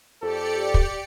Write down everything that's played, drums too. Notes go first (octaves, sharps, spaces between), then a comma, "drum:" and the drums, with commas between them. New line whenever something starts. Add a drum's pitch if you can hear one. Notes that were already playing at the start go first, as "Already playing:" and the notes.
F2 G4 A4 D5 C#7
drum: kick